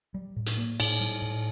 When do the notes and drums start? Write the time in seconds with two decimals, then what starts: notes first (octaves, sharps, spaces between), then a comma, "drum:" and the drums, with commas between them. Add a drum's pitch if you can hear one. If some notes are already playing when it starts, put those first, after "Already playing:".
0.14 G3
0.36 A2
0.46 drum: hi-hat
0.57 A#3
0.80 A2, drum: cymbal
1.00 G3
1.22 A2